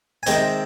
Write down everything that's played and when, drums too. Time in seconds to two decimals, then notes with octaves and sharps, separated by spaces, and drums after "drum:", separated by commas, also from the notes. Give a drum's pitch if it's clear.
0.23 G#5
0.26 C3 D#3 G#3 C4 G5, drum: hi-hat